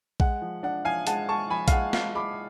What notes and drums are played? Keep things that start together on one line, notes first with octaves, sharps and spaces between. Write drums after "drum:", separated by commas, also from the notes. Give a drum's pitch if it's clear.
G#3 F#5, drum: kick A#1
F3
D4 F#5
F3 F5 G#5
G#3 F#5 A5, drum: hi-hat
G#3 A5 C#6
F3 G#5 B5
F5, drum: kick A#1, hi-hat
G#3 F#5
G#3 F5, drum: snare
G#3 B5 D6